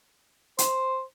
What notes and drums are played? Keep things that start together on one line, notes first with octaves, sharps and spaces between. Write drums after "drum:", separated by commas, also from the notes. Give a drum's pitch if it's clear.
C5, drum: hi-hat